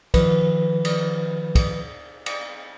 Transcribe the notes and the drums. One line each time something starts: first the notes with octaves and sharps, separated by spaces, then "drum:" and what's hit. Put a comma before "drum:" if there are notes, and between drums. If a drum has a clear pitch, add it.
D#3 F3 B4, drum: kick, cymbal
drum: cymbal
drum: kick, cymbal
drum: cymbal